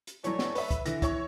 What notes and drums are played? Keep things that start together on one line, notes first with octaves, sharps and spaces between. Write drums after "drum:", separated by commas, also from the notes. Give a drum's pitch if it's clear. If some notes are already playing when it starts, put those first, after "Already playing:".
drum: hi-hat
E3 F#3 A3 D4 C#5, drum: hi-hat
drum: snare
B4 E5, drum: open hi-hat
drum: kick, hi-hat
D3 E3 A#6, drum: hi-hat
E4 C#5 C#6, drum: kick, hi-hat